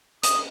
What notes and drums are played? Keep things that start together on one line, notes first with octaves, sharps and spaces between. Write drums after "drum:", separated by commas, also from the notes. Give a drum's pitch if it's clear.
D#6, drum: hi-hat